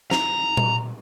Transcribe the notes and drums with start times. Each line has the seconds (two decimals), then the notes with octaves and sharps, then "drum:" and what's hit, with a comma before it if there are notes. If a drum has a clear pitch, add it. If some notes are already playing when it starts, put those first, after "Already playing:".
0.11 A#5, drum: snare
0.57 drum: tom A#2